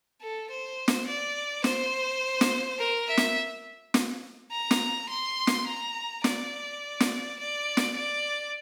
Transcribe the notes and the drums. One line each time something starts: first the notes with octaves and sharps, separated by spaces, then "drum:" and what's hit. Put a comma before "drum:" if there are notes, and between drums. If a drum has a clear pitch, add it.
A4
C5
drum: snare
D5
C5, drum: snare
drum: snare
A#4
E5
drum: snare
drum: snare
A#5
drum: snare
C6
drum: snare
A#5
D5, drum: snare
drum: snare
D5
drum: snare
D5